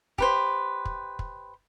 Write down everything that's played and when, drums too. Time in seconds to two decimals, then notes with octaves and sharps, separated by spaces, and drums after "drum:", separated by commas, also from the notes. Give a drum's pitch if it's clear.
0.18 G4 B4 C5, drum: kick
0.85 drum: kick
1.19 drum: kick